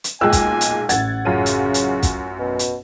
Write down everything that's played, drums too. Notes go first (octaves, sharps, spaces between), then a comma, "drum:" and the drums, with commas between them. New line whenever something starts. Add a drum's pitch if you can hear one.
drum: hi-hat
B1 A#2 G#3 G5 G#5 E6 F#6
drum: kick, hi-hat
drum: hi-hat
A1 F#5 G#6 A6, drum: hi-hat
F#2 C#3 F4 F#4 D#7
drum: hi-hat
drum: hi-hat
drum: kick, hi-hat
B2
drum: hi-hat